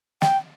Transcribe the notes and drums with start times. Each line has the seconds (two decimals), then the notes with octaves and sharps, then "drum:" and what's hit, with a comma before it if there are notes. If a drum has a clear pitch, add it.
0.22 G5, drum: snare